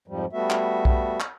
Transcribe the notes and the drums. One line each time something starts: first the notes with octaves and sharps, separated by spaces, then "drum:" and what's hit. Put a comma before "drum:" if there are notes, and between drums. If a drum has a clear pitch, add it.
F2 G#2 F3 G3
G3 A3 B3 F#4 E5
drum: clap
drum: kick B1
drum: clap